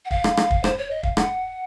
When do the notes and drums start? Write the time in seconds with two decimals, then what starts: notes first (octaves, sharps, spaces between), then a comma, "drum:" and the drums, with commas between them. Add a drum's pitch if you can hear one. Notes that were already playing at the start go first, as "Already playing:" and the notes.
0.05 F#5
0.11 F5, drum: kick
0.24 drum: rim click
0.37 drum: rim click
0.51 drum: kick
0.64 C5, drum: rim click
0.78 C#5
0.91 D#5
1.03 F5, drum: kick
1.17 F#5, drum: rim click